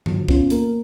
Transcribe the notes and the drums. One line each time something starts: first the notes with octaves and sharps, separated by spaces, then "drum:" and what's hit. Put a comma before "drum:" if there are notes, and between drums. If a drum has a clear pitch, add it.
D3 F3 F#3, drum: tom G2
B3 C#4 F4, drum: kick
A#3 A#4, drum: hi-hat